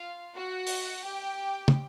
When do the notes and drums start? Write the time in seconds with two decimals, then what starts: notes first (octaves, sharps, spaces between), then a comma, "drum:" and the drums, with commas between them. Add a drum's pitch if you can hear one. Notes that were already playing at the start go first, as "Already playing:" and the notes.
Already playing: F4 F5
0.34 F#4 F#5
0.67 drum: open hi-hat
1.04 G4 G5
1.68 drum: tom